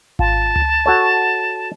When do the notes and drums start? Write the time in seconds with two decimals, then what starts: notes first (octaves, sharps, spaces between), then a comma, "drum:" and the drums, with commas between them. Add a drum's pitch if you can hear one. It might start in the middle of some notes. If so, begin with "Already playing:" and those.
0.19 F4 A5, drum: kick G#1
0.56 drum: tom C#2
0.86 F#4 A4 C#5